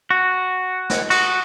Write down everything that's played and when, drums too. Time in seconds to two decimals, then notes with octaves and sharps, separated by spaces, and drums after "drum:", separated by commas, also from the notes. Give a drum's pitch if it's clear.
0.11 F#4
0.90 drum: snare
1.10 F#4, drum: cymbal